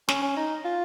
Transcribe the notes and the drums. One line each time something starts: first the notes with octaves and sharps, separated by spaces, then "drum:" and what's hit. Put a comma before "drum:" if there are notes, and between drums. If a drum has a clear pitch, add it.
C#4, drum: snare
C#4
D#4
F4